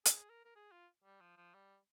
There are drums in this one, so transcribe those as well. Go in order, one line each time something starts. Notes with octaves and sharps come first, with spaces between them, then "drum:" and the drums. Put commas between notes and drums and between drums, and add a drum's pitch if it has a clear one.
G#4, drum: hi-hat
A#4
A#4
G#4
F4
G3
F3
F3
G3